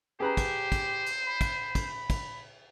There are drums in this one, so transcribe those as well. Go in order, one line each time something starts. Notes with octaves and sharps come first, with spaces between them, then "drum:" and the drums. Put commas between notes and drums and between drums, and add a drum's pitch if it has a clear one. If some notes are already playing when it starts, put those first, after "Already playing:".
G4 G#4 B4 C5 A#5
drum: kick, cymbal
drum: kick, cymbal
drum: cymbal
B5
drum: kick, cymbal
drum: kick, cymbal
drum: kick, cymbal